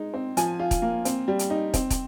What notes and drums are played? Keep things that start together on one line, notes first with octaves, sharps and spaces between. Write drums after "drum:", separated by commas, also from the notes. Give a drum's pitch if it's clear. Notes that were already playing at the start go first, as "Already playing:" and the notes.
Already playing: G#3 D#4
C4
F3 G#5, drum: hi-hat
F4
drum: kick, hi-hat
A#3
C4, drum: hi-hat
G3
drum: hi-hat
D#4
C4, drum: kick, hi-hat
drum: kick, hi-hat